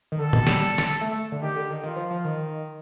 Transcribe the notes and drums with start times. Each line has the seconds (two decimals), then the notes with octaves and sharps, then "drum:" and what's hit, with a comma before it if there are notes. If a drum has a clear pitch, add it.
0.12 D#3
0.19 D3 A4
0.33 D#3, drum: tom A2
0.47 G3, drum: snare
0.78 drum: snare
1.01 A3
1.12 A3
1.32 D3
1.42 D#3 G4
1.56 D3
1.70 D#3
1.83 D#3 F4
1.96 F3
2.10 F3
2.24 D#3